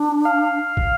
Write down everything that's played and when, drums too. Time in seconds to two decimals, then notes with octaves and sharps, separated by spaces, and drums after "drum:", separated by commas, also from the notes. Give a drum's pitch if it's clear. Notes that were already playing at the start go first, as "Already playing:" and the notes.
Already playing: D4
0.25 F5
0.77 drum: kick